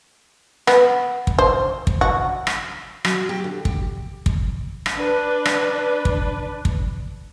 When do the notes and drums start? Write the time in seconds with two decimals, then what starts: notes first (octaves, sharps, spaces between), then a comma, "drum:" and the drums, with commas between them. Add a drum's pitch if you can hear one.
0.67 B3, drum: rim click
1.27 drum: kick
1.38 C5
1.87 drum: kick
2.01 F#4
2.47 drum: rim click
3.05 F#3, drum: rim click
3.29 G4
3.44 D3
3.65 G4, drum: kick
4.26 drum: kick
4.86 drum: rim click
4.96 D4 B4
5.45 drum: rim click
6.05 drum: kick
6.65 drum: kick